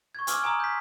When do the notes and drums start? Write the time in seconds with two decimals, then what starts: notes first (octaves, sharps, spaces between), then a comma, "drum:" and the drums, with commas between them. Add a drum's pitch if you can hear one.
0.15 C#6 G#6
0.27 G#5 C6 D6 E6 F6 G7, drum: hi-hat
0.43 G#5 A#5 C6 D#6
0.60 G6 B6